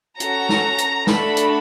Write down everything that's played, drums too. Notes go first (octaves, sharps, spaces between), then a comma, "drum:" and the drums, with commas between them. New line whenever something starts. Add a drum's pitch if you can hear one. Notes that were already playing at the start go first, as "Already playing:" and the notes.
C#4 F#4 A4 A#5, drum: hi-hat
drum: snare
drum: hi-hat
A3 D4 F#4 A4 B5, drum: snare
drum: hi-hat